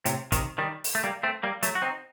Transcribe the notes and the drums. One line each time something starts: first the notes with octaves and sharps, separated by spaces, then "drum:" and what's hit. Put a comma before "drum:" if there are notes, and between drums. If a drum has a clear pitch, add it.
A2 C3, drum: hi-hat
C3 D#3, drum: kick, hi-hat
D#3 G3
drum: open hi-hat
A3
G3 A#3
A3 C4
G3 A#3
F#3 A3, drum: hi-hat
F#4
C4 D#4